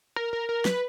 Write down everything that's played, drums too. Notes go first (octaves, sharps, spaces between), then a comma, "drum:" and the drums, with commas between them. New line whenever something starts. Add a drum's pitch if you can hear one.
A#4
A#4
A#4
B4, drum: snare